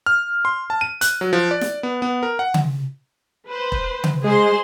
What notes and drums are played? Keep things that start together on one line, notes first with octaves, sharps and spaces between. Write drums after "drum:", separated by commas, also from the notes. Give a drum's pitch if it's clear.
F6
C6
A5
D#7
F#6, drum: hi-hat
F#3
F3
D5
drum: snare
B3
B3
A#4
F#5
drum: tom C#3
B4 C5
drum: kick E1
drum: tom C#3
G#3 G#4 C5 C6